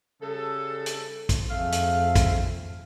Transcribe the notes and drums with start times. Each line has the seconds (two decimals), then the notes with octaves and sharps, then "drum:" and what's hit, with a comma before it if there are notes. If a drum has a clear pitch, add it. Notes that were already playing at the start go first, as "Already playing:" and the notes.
0.22 C#3 G3 A4
0.86 drum: hi-hat
1.29 drum: kick, hi-hat
1.51 F2 A3 G#4 F5
1.72 drum: hi-hat
2.15 drum: kick, hi-hat